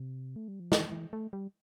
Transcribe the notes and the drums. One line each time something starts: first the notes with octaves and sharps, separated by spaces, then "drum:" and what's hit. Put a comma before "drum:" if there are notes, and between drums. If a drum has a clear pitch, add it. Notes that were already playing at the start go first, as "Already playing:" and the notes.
Already playing: C3
A3
G3
F3
E3, drum: snare
E3
A3
G3